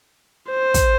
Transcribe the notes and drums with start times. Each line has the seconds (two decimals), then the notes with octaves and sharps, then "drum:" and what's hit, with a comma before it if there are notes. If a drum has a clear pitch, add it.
0.51 C5
0.74 drum: kick, hi-hat